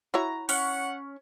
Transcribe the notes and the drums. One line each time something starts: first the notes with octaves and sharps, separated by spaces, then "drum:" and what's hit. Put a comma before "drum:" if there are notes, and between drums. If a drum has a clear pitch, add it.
E4 F#4 C#5 A#5
C#4 F#5, drum: open hi-hat